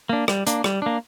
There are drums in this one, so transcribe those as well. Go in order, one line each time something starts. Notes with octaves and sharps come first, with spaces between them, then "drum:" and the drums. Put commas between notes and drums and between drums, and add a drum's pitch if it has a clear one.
A#3 D4
G3, drum: rim click
A#3 D4, drum: hi-hat
G3, drum: rim click
A#3 D4